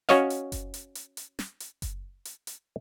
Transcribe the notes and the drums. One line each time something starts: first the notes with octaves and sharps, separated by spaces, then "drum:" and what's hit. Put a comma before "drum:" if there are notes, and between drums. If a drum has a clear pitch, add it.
C#4 F#4 C#5 D#5 F5, drum: snare
drum: hi-hat
drum: kick F#1, hi-hat
drum: hi-hat
drum: hi-hat
drum: hi-hat
drum: snare
drum: hi-hat
drum: kick F#1, hi-hat
drum: hi-hat
drum: hi-hat